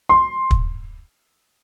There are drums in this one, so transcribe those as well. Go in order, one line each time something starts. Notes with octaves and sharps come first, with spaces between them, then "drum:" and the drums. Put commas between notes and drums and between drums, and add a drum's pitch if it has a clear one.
C6
drum: kick